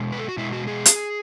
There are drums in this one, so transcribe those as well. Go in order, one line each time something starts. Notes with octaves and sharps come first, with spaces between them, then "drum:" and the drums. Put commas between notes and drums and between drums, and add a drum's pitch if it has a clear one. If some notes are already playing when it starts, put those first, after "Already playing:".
Already playing: B2 G#3
B4
A4
F#4
B2 G#3 E4
F#4
G#4
drum: hi-hat